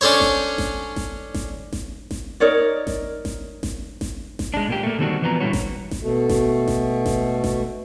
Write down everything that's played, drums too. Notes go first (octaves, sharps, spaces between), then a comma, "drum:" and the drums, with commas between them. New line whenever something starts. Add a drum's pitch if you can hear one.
C#4 D4 A4 C5 C#5
drum: snare G#1
drum: snare G#1
drum: snare G#1
drum: snare G#1
drum: snare G#1
drum: snare G#1
D#4 A#4 C#5 D5
drum: snare G#1
drum: snare G#1
drum: snare G#1
drum: snare G#1
drum: snare G#1
G#3 D4
A#2 A#3 G4
A3 A#3
D3 D#3 G3 C4 D4 F#4
E3 F3 B3 B4 A#5
A#2 D3 G3 E4 F#4 C#5
drum: snare G#1
drum: snare G#1
B2 A3
drum: snare G#1
drum: snare G#1
drum: snare G#1
drum: snare G#1